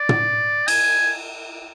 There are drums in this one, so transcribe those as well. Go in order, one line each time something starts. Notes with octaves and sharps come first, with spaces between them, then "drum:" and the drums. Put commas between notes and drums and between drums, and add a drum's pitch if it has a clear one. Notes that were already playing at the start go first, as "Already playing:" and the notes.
Already playing: D5
drum: tom
G#5, drum: cymbal